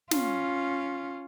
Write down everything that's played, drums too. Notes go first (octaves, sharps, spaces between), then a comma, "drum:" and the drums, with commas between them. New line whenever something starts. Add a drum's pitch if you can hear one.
C#4 F4, drum: snare